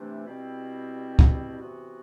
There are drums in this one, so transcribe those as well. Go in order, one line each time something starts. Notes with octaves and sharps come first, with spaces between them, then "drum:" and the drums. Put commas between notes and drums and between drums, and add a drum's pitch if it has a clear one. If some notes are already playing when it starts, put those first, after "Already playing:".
Already playing: C3 E3 A3 D4
B2 G3 C4 E4
drum: kick
C3 E3 B3 F#4